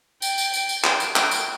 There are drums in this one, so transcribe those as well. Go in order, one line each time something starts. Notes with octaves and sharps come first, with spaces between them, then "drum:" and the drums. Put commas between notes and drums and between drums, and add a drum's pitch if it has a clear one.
G5, drum: tambourine
drum: tambourine
G5, drum: tambourine
drum: tambourine
G5, drum: clap
drum: tambourine
G5, drum: clap
drum: tambourine